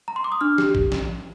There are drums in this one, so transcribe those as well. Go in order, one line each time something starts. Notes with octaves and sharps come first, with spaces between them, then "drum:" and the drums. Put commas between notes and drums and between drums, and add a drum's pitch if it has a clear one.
A#5
C6
D6
D#6
D4 F6
G4, drum: snare
drum: kick A#1
drum: snare